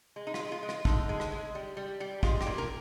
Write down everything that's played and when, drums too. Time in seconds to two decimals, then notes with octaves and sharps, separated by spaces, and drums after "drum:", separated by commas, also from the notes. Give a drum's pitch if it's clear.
0.16 G#3
0.27 D#4
0.34 F4, drum: rim click
0.39 G#3
0.52 F4
0.63 G#3
0.69 F4, drum: rim click
0.85 D3 D#4, drum: kick
1.09 G#3
1.20 drum: rim click
1.32 G#3
1.55 G3
1.77 G3
2.00 G3
2.23 G#3 F4, drum: kick
2.41 G4, drum: rim click
2.47 A#2
2.58 A#4, drum: tom